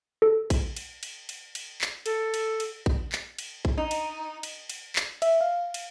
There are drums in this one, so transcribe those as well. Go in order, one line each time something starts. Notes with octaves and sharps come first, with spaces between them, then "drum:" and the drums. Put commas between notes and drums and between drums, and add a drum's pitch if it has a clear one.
A4
drum: kick A#1, cymbal
drum: cymbal
drum: cymbal
drum: cymbal
drum: cymbal
drum: clap
A4, drum: cymbal
drum: cymbal
drum: cymbal
drum: kick A#1
drum: clap
drum: cymbal
drum: kick A#1
D#4
drum: cymbal
drum: cymbal
drum: cymbal
drum: clap
E5, drum: cymbal
F5
drum: cymbal